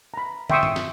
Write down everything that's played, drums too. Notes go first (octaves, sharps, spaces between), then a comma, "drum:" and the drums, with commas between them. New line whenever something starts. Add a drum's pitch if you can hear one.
A#5 B5
E5 G5 C6 C#6 D#6 E6, drum: tom
drum: tom G2
drum: snare